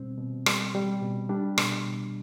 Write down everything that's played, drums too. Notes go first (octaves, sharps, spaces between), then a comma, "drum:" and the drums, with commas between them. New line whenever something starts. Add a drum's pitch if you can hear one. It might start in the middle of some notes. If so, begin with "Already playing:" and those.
Already playing: B2 G3 C4
B2
G3, drum: rim click
G3
B2
G3 D4
B2, drum: rim click
B2